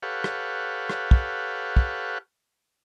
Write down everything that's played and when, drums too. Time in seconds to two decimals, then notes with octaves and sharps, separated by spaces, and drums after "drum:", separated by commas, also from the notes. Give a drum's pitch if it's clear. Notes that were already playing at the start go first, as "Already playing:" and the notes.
0.03 G4 A4 B4 C#5 F5 F#5
0.24 drum: rim click
0.90 drum: rim click
1.11 drum: kick
1.77 drum: kick